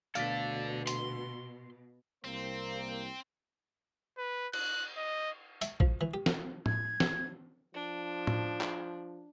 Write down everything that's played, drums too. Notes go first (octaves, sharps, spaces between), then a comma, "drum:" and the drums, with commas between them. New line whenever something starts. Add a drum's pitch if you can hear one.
D2 B2 A4 D5 F5 A6 B6, drum: hi-hat
C6, drum: hi-hat
C2 A#3 C4 C5
B4
F#6, drum: cymbal
D#5
E5, drum: hi-hat
F3, drum: kick
E3
G4
drum: snare
G#6, drum: tom
drum: snare
F3 D4
drum: tom
drum: clap